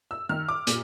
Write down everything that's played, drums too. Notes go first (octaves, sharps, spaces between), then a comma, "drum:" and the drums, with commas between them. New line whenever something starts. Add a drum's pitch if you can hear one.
E6
D#3 F6
D6
A#2, drum: hi-hat